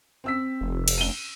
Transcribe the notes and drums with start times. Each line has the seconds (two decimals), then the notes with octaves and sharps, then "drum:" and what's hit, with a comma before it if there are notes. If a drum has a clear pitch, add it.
0.24 C4 E6 B6
0.61 F1
0.88 drum: cymbal
0.98 D#7 G7